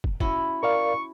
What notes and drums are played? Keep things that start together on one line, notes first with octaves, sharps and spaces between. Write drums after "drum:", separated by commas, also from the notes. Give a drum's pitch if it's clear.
drum: kick
C#4 E4 F#4, drum: kick
A#4 D5 F5 C#6